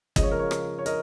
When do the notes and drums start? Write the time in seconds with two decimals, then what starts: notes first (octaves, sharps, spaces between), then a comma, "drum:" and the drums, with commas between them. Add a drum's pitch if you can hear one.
0.16 C#3 F3 G#3 D#5, drum: kick, hi-hat
0.23 C#5
0.31 A#4
0.39 C#5
0.51 drum: rim click
0.79 C#5
0.86 A#4 D#5, drum: hi-hat